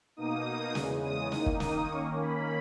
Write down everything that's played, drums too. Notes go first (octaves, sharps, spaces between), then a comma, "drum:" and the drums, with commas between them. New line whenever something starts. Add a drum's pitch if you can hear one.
B2 A#3 D#4 D#6
E2 C#3 G#3, drum: snare
D#6
D#3 A#3 D#4 D#6, drum: snare
drum: kick
D#6, drum: snare
D#3 A#3 C#4 C#6
B5